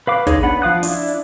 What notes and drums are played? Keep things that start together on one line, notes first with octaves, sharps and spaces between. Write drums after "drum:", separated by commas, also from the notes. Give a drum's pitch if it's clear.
B4 F5 D6
D3 D#4 G#4 C#5, drum: kick, hi-hat
B3 D4 F#5 B5
F3 F5 D#6 F#6
D4 E4, drum: open hi-hat
drum: hi-hat